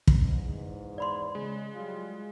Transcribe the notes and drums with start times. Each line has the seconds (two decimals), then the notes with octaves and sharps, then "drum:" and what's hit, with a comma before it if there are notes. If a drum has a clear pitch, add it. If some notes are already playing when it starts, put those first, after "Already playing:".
0.07 drum: kick
0.23 E2 G#2
0.98 D5 B5 C6
1.35 C#3 G#3
1.75 F#3 G3 F4